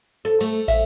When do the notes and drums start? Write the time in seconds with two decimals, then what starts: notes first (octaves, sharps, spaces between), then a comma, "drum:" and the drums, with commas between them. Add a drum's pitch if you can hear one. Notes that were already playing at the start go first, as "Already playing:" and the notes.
0.25 A4
0.41 A3, drum: cymbal
0.68 E5, drum: kick, cymbal